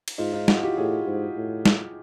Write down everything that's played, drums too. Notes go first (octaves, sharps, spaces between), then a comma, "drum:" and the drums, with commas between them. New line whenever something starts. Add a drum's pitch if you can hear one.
drum: cymbal
G#2 D#4 F4
D#4 F4
E4 F#4, drum: snare
F4 G4
A2 F#4 G#4
G#2
A2
drum: snare